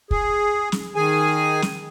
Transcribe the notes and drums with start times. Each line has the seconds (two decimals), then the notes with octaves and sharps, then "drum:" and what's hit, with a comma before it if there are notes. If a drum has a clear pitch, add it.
0.11 G#4, drum: kick
0.72 drum: snare
0.96 D#3 G#4 G#5
1.62 drum: snare